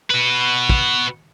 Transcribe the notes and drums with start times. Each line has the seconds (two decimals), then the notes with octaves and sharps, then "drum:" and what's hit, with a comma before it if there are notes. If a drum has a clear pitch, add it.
0.10 F#4 B4
0.69 drum: kick